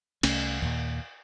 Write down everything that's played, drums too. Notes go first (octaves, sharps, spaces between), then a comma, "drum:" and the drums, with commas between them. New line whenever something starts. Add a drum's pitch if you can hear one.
C2 A3 C#4, drum: cymbal
D#2 A#2